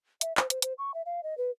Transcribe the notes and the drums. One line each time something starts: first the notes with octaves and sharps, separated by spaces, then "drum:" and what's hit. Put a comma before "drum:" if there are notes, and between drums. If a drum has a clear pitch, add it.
E5, drum: hi-hat
C5, drum: clap
C5, drum: hi-hat
C5, drum: hi-hat
C#6
E5
F5
D#5
B4